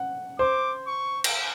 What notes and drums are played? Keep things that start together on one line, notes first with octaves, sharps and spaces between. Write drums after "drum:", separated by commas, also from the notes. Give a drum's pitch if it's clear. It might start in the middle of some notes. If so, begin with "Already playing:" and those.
Already playing: F#5
C5 D6
C#6
drum: cymbal